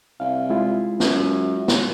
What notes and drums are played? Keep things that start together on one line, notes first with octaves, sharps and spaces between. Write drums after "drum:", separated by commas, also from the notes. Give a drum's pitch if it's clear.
C2 F5
G#3 E4 F4
F#2, drum: snare
drum: snare